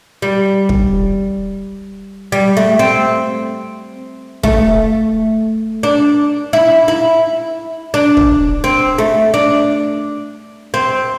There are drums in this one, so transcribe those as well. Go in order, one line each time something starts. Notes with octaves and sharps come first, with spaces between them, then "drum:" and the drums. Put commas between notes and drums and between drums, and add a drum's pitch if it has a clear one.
G3
drum: kick
G3
A3
C4
A3, drum: kick
D4
E4
E4
D4
drum: kick
C4
A3
D4
C4